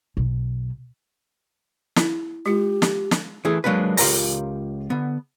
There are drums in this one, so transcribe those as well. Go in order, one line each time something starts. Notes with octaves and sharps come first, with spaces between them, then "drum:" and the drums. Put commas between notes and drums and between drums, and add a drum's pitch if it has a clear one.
B1
E4, drum: snare
G#3 F4 G4
drum: snare
drum: snare
E3 A3 G#4
F#3 G#3 A#3 D4 B4
C#2 F4 G4 A#4 C#5 A#5, drum: open hi-hat
D3 B3